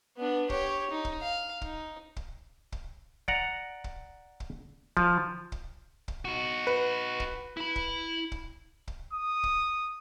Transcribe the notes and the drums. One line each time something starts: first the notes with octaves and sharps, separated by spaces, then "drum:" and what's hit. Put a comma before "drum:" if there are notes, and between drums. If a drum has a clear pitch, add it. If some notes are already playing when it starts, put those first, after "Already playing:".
B3 D4
G4 C#5, drum: kick
D#4
drum: kick
F5
D#4, drum: kick
drum: kick
drum: kick
D5 F#5 A#5, drum: kick
drum: kick
drum: kick
F3, drum: kick
drum: kick
drum: kick
D#4 F#4
B4
drum: kick
E4 B5
drum: kick
drum: kick
drum: kick
D#6
drum: kick